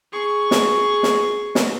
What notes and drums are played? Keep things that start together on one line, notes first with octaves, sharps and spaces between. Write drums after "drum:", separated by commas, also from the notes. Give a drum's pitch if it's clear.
G#4 C#6
drum: snare
drum: snare
drum: snare